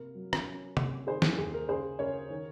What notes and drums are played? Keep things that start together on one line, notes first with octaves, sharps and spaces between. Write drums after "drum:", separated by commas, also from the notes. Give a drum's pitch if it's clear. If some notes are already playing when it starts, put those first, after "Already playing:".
Already playing: C3 A#3 A#4
F#3
drum: rim click
C#4
C3, drum: tom C3
D#3 G#4 C5
drum: snare
D#2 G#4
A#4
C#3 G#4 C5
C#3 A#4 C#5
D#3